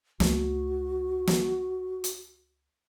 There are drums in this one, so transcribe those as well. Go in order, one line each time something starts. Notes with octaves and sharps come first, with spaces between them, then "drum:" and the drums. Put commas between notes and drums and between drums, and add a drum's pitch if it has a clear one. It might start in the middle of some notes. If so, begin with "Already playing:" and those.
C#2 A3 F#4, drum: snare
drum: snare
drum: hi-hat